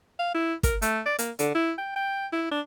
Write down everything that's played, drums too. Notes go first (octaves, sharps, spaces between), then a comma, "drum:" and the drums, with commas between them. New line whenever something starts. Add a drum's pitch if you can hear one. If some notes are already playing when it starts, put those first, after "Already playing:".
F5
E4
A#4, drum: kick, hi-hat
A3, drum: hi-hat
D5
A#3, drum: hi-hat
D3, drum: hi-hat
E4
G5
G5
E4
D4